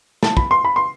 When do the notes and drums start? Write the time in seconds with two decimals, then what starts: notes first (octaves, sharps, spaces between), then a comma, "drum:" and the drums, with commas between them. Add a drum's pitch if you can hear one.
0.23 A5, drum: snare
0.37 B5, drum: kick
0.51 C6
0.65 B5
0.76 C6